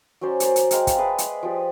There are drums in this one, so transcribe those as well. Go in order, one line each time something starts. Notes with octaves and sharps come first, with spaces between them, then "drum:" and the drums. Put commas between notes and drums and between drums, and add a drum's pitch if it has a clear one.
F#3 C#4 C5 D5
A#4 C5 D5 G#5, drum: hi-hat
drum: hi-hat
G#3 F5 G5 A#5, drum: hi-hat
drum: kick, hi-hat
G#4 B4 D5 E5
drum: hi-hat
F3 G4 D5